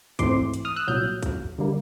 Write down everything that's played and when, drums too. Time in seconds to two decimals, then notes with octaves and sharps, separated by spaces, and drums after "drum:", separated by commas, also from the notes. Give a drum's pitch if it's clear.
0.19 G#2 E3 A3 C4 C6 D6, drum: kick, hi-hat
0.54 drum: hi-hat
0.65 D#6 F6
0.76 E6 F#6
0.88 C2 A#2 F#3 F6 G6
1.23 drum: kick, hi-hat
1.58 D3 G3 A#3